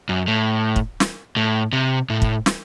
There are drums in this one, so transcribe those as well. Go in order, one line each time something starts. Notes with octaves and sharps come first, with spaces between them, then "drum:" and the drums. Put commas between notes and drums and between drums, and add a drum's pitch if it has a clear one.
F#2
A2
drum: kick
drum: snare
A2
C3
A2
drum: kick
drum: snare